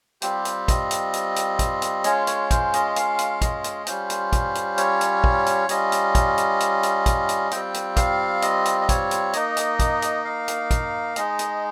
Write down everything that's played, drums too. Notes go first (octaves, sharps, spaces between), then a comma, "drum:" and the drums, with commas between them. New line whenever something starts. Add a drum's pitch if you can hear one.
G3 C4 F4 G4, drum: hi-hat
drum: hi-hat
D#5, drum: kick, hi-hat
drum: hi-hat
drum: hi-hat
drum: hi-hat
drum: kick, hi-hat
drum: hi-hat
G#3 C#4 F4 C#5, drum: hi-hat
C#5, drum: hi-hat
C5, drum: kick, hi-hat
D#5, drum: hi-hat
F5, drum: hi-hat
drum: hi-hat
D#5, drum: kick, hi-hat
drum: hi-hat
G3 C#4 F4 C5, drum: hi-hat
drum: hi-hat
drum: kick, hi-hat
drum: hi-hat
C#5, drum: hi-hat
drum: hi-hat
drum: kick
drum: hi-hat
G3 C#4 F4 D#5, drum: hi-hat
drum: hi-hat
drum: kick, hi-hat
drum: hi-hat
drum: hi-hat
drum: hi-hat
drum: kick, hi-hat
drum: hi-hat
G3 C4 F4 G5, drum: hi-hat
drum: hi-hat
F5, drum: kick, hi-hat
D#5, drum: hi-hat
drum: hi-hat
D#5
C#5, drum: kick, hi-hat
drum: hi-hat
A#3 D#4 D#5, drum: hi-hat
drum: hi-hat
drum: kick, hi-hat
drum: hi-hat
F5
drum: hi-hat
drum: kick, hi-hat
G#3 D#4 D#5, drum: hi-hat
drum: hi-hat